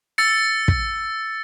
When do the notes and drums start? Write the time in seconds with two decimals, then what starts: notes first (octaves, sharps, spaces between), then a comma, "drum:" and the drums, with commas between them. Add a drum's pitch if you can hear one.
0.18 E6 A6 C#7
0.68 drum: kick